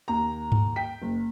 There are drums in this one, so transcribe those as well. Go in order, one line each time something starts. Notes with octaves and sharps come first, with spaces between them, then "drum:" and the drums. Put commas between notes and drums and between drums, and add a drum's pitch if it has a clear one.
D#2 A#5
drum: tom G2
G5 B6
F#1